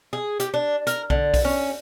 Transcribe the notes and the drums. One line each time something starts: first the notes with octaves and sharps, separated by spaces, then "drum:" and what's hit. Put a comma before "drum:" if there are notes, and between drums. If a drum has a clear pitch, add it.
G#4
G4, drum: hi-hat
D4
A#4, drum: hi-hat
D3, drum: kick B1
drum: kick B1, open hi-hat
C#4